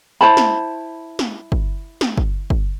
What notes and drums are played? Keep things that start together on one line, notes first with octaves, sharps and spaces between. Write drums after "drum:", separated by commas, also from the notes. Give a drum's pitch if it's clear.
E4 C5 A5 B5
drum: snare
drum: snare
drum: kick
drum: snare
drum: kick
drum: kick